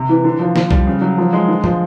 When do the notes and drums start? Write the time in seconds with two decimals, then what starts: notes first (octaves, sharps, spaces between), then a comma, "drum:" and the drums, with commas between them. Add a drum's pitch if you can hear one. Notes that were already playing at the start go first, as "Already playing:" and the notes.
Already playing: C3
0.09 E3
0.24 D3
0.40 F3
0.56 D3, drum: snare
0.71 G3, drum: kick
0.87 C#3
1.01 F#3
1.18 F3
1.33 G#3
1.48 D3
1.64 F3, drum: tom